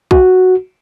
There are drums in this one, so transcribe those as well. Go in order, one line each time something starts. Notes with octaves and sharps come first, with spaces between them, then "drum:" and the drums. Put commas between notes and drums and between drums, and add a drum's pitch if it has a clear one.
F#4, drum: kick